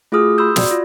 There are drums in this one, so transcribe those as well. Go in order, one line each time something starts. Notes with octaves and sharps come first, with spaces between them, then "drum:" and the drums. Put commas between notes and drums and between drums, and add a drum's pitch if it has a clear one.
A3 F4 F#4 G#4 D#6 F6
B5 C6 D#6 E6 G6
F#4 D5, drum: snare
F4